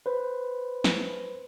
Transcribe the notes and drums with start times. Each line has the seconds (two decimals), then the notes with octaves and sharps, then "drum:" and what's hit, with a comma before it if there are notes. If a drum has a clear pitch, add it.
0.06 B4 C5
0.84 drum: snare